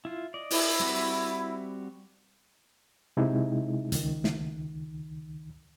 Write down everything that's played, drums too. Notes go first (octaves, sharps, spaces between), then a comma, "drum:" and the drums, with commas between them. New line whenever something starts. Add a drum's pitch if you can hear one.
E4 F4
D5 D#5
E4, drum: open hi-hat
G3 C4 F#4
C3 G#3 D#4 E4
C#2 D#3, drum: hi-hat
drum: snare